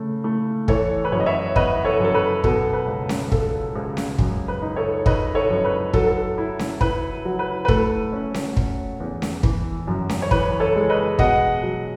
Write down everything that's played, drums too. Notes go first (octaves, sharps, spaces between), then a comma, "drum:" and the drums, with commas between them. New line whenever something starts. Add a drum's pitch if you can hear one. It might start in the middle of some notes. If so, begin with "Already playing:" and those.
Already playing: C#3 A3
A3
E3 A4 C#5, drum: kick
B4
F#2 C#5
D#5
C#5 E5
B3 B4 D#5, drum: kick
A4 C#5
F#2 A4
B4
B2 A4, drum: kick
B4
C#2
drum: snare C#4
C#2 A4, drum: kick
C#2
drum: snare C#4
F#2, drum: kick
B4
D#4
A4 C#5
D#4 B4 D#5, drum: kick
A4 C#5
F#2
B4
F#3 A4, drum: kick
A4
E4
drum: snare C#4
E4 B4, drum: kick
F#3
B4
B4
A3 A4, drum: kick
C#4
drum: snare C#4
C#4, drum: kick
E2
drum: snare C#4
E3, drum: kick
F#2
drum: snare C#4
C#5
E3 B4, drum: kick
A4 C#5
G#3
B4 D#5
B2 D#5 F#5, drum: kick
F#3